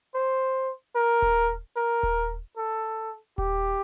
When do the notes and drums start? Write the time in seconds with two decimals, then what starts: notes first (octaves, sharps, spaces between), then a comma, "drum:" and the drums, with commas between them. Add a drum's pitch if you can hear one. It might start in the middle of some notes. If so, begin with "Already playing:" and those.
0.14 C5
0.96 A#4
1.22 drum: kick D#1
1.76 A#4
2.03 drum: kick D#1
2.57 A4
3.38 G4, drum: kick D#1